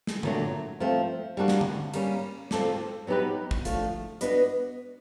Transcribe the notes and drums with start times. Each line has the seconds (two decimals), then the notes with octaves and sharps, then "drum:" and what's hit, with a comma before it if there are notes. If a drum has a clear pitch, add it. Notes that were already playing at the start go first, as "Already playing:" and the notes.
0.07 drum: snare
0.23 A#2 F#3 A3 D4, drum: tom
0.80 F3 A3 C4
1.37 G3 A#3 D4 F#4
1.48 drum: snare
1.61 drum: tom
1.93 G3 A#3 C#4, drum: cymbal
2.51 C4 F4 A4 D5, drum: snare
3.07 F#3 B3 D#4 G4 B4
3.51 drum: kick
3.65 D3 F3 A3, drum: hi-hat
4.21 B3 D4 F#4 B4 D#5, drum: hi-hat